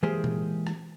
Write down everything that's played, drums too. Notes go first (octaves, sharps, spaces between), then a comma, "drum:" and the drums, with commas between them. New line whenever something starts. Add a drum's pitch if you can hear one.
E3 G#3 A#3 G4 G#4 C5
drum: tom A#2
drum: rim click